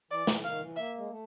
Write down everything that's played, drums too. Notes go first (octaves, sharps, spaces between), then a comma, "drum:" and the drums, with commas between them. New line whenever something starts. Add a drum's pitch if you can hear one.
E3 D5
E3, drum: snare
D#3 F5
E3
A#3 E5
G#3
A3